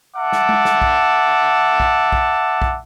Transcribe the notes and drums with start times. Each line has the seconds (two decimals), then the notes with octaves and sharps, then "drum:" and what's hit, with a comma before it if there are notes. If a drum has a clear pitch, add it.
0.16 E5 F#5 A5 D6
0.32 drum: snare
0.49 drum: tom G#3
0.65 drum: snare
0.82 drum: kick B1
1.80 drum: kick B1
2.12 drum: kick B1
2.62 drum: kick B1